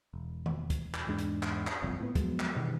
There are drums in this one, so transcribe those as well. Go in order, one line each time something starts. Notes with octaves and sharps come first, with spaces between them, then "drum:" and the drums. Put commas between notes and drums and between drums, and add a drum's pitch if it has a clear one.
E1
drum: tom D#3
drum: kick, hi-hat
drum: clap
E2 G#2 G#3 D4
drum: hi-hat
drum: clap
drum: clap
G1 C2 F2
A2 B3
F3 F#3 G#3 B3, drum: kick, hi-hat
drum: clap
G2 B2 D#3 E3